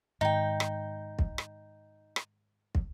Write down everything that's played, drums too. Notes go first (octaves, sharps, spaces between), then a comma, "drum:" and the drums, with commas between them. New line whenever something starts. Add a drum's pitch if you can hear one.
G#2 D#3 D#4 G5
drum: rim click
drum: kick
drum: rim click
drum: rim click
drum: kick